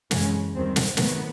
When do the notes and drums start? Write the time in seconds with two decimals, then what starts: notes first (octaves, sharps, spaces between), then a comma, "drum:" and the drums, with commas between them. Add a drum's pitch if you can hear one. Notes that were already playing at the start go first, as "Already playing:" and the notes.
0.11 F#2 C#3 E3 G#3 C#4, drum: snare
0.54 D#2 D#3 G3 C4
0.76 drum: snare
0.97 G#2 D#3 F#3 A3 B3, drum: snare